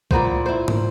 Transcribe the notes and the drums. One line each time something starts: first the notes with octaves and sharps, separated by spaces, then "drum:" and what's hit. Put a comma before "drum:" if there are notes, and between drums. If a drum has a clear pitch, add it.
A#2 A#3 B3 C5, drum: kick B1
E4 C5
drum: tom